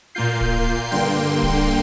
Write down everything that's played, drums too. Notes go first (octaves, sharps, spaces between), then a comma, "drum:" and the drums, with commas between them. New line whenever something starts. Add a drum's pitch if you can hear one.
A#2 A#3 F4 G6 C7
drum: kick D1
G2 D3 A#3 G5 C6
drum: kick D1